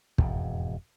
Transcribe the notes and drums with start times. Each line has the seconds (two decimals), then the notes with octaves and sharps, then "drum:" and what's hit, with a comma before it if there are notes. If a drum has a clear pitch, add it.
0.18 E1 F2 G#2, drum: kick